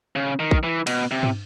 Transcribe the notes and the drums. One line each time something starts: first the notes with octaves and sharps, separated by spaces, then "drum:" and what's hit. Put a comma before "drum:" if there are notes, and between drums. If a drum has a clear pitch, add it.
C#3
D#3
drum: kick
E3
B2, drum: cymbal
C3
drum: tom